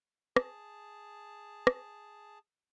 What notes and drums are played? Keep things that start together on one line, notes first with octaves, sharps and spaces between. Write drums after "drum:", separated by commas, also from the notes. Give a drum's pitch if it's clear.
G#4 A5, drum: rim click
drum: rim click